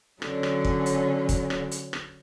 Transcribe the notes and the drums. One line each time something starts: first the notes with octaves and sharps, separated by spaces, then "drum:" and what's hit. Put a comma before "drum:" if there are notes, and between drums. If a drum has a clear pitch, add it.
D3 F#3 C#4, drum: rim click
drum: rim click
drum: kick
drum: hi-hat
drum: kick, hi-hat
drum: rim click
drum: hi-hat
drum: rim click